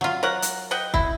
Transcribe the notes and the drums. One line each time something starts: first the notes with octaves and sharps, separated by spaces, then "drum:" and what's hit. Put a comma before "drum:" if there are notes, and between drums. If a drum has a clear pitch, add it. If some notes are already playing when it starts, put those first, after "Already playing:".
F#3 F4
A#4 C#5 F#5
drum: hi-hat
D#5 F#5 G5
E4, drum: kick